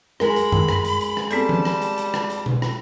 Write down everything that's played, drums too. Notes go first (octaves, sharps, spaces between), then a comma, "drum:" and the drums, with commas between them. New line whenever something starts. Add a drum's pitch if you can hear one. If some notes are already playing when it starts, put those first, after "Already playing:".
G#3 A#4 B5, drum: rim click
drum: hi-hat
drum: tom F#2
drum: rim click
drum: hi-hat
drum: hi-hat
drum: rim click
G3 B3 C4 A4 A5, drum: hi-hat
drum: tom F3
drum: rim click
drum: hi-hat
drum: hi-hat
drum: rim click
drum: hi-hat
drum: tom B2
drum: rim click